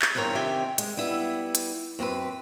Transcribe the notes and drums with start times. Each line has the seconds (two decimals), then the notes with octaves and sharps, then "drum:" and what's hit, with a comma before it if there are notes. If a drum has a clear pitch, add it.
0.02 drum: clap
0.15 E2 G2 C4 A#4 C#5
0.35 C3 D#3 C4 G4 E5 G#5
0.78 G#3, drum: hi-hat
0.97 G3 B3 E4 E5
1.55 drum: hi-hat
1.99 F#2 C4 G4 B4